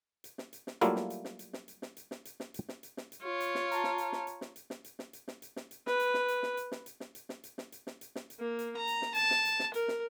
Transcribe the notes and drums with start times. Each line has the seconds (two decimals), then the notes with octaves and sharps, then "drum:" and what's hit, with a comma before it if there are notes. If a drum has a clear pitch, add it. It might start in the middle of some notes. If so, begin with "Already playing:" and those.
0.24 drum: hi-hat
0.38 drum: snare
0.53 drum: hi-hat
0.67 drum: snare
0.81 F#3 G3 A3 A#3 E4 F4, drum: hi-hat
0.96 drum: snare
1.10 drum: hi-hat
1.25 drum: snare
1.39 drum: hi-hat
1.53 drum: snare
1.68 drum: hi-hat
1.82 drum: snare
1.97 drum: hi-hat
2.11 drum: snare
2.25 drum: hi-hat
2.40 drum: snare
2.54 drum: hi-hat
2.69 drum: snare
2.83 drum: hi-hat
2.97 drum: snare
3.12 drum: hi-hat
3.23 F4 C#5
3.41 drum: hi-hat
3.55 drum: snare
3.72 A5 A#5, drum: hi-hat
3.84 drum: snare
3.98 drum: hi-hat
4.12 drum: snare
4.27 drum: hi-hat
4.41 drum: snare
4.56 drum: hi-hat
4.70 drum: snare
4.84 drum: hi-hat
4.99 drum: snare
5.13 drum: hi-hat
5.28 drum: snare
5.42 drum: hi-hat
5.56 drum: snare
5.71 drum: hi-hat
5.87 B4, drum: snare
6.00 drum: hi-hat
6.14 drum: snare
6.28 drum: hi-hat
6.43 drum: snare
6.57 drum: hi-hat
6.72 drum: snare
6.86 drum: hi-hat
7.00 drum: snare
7.15 drum: hi-hat
7.29 drum: snare
7.44 drum: hi-hat
7.58 drum: snare
7.72 drum: hi-hat
7.87 drum: snare
8.01 drum: hi-hat
8.16 drum: snare
8.30 drum: hi-hat
8.39 A#3
8.59 drum: hi-hat
8.76 A#5
8.87 drum: hi-hat
9.02 drum: snare
9.14 A5, drum: hi-hat
9.31 drum: snare
9.45 drum: hi-hat
9.59 drum: snare
9.74 A#4, drum: hi-hat
9.88 drum: snare